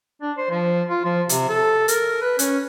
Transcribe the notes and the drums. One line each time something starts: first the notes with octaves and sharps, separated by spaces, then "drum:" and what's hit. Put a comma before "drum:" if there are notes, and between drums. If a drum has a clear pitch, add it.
D4
C5
F3
F4
F3
C3, drum: hi-hat
A4
A#4, drum: hi-hat
B4
C#4, drum: hi-hat